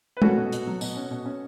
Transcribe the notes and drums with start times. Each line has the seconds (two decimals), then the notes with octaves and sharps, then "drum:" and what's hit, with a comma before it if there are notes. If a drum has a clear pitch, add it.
0.17 B4
0.22 C#4 F#4 A4, drum: tom
0.36 B2
0.52 B2, drum: hi-hat
0.67 F#3
0.81 B2, drum: tambourine
0.97 C#4
1.11 B2
1.25 C#4